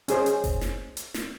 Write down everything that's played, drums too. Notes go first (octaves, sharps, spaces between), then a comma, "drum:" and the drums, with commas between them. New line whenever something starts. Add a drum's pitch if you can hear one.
C#4 G#4 C5, drum: hi-hat
drum: hi-hat
drum: kick F#1, open hi-hat
drum: snare
drum: hi-hat
drum: snare